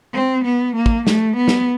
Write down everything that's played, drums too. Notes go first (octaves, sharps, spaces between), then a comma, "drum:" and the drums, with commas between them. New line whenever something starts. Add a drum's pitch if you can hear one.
C4
B3
A#3
drum: kick
A3, drum: snare
B3
drum: snare